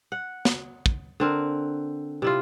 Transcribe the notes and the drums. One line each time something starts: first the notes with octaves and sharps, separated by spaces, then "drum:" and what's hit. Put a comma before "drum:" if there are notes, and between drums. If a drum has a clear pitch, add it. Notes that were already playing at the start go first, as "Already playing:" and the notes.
F#5
drum: snare
drum: kick
D3 C4 A#4
C3 E4 F4